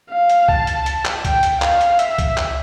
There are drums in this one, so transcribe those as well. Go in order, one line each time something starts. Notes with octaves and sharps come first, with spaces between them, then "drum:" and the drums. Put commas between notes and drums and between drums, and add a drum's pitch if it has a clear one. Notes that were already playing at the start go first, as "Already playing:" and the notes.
F5
drum: hi-hat
A5, drum: kick C2
drum: hi-hat
drum: hi-hat
drum: clap
G5, drum: kick C2, hi-hat
drum: hi-hat
F5, drum: clap
drum: hi-hat
E5, drum: hi-hat
drum: kick C2, hi-hat
drum: clap